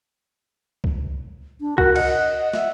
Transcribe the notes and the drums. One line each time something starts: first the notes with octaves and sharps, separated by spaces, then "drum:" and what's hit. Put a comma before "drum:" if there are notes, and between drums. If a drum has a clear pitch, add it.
drum: kick C2
D4
F#4 A#4, drum: kick C2
D#5 F#5, drum: cymbal
E5, drum: snare